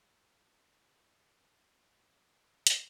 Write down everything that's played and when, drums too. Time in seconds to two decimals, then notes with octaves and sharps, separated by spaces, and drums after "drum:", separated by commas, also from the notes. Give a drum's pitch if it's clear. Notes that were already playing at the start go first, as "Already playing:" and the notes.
0.18 C#4 A#5 B5
2.67 drum: hi-hat